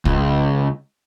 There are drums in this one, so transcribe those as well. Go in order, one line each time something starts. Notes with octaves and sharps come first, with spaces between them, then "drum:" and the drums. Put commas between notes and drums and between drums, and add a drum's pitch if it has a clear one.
C#2, drum: kick